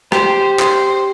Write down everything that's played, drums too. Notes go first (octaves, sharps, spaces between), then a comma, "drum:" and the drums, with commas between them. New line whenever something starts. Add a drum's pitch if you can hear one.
G4 C5, drum: rim click
C5, drum: clap